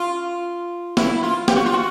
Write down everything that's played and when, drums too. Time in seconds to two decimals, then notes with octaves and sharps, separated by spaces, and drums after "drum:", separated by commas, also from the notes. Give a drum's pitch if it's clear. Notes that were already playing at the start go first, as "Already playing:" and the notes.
Already playing: F4
0.97 E4, drum: snare
1.23 F4
1.48 G4, drum: snare
1.56 F#4
1.65 F4
1.73 F#4